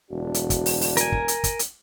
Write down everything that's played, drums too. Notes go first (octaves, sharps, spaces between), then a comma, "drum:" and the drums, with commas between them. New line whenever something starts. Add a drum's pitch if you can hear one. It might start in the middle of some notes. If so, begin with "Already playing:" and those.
E1 D2 D4 F#4
drum: hi-hat
drum: kick, hi-hat
drum: open hi-hat
drum: open hi-hat
A#4 G#5, drum: hi-hat
drum: kick
drum: hi-hat
drum: kick, hi-hat
drum: hi-hat